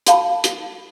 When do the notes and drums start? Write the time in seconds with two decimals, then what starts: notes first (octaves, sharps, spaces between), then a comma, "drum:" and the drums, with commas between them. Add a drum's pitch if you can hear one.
0.07 F#4 F5 A5 B5, drum: hi-hat
0.44 drum: hi-hat